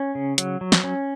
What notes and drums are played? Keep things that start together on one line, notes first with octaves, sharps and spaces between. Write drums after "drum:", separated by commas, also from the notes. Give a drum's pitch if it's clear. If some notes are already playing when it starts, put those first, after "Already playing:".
Already playing: C#4
C#3
F#3, drum: hi-hat
F#3
drum: snare
C#4